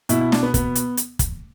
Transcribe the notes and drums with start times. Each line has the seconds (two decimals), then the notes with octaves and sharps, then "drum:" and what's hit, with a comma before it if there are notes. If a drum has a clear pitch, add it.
0.09 B2 E4, drum: hi-hat
0.21 E4
0.32 D4, drum: snare
0.43 B3
0.54 B3, drum: kick, hi-hat
0.75 drum: hi-hat
0.97 drum: hi-hat
1.19 drum: kick, hi-hat